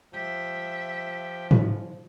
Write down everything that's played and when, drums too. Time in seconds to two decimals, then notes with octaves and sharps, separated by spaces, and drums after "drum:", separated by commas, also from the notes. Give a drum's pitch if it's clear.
0.13 F3 G4 E5 G5
1.51 drum: tom G#2